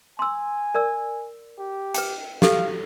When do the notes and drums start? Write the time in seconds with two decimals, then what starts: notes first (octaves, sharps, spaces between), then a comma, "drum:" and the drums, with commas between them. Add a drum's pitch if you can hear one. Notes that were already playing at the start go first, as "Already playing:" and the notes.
0.19 G#5 C6 E6
0.74 A#4 D5 E6
1.59 G4
1.94 B4 G5, drum: hi-hat
2.42 G4 A4 F5, drum: snare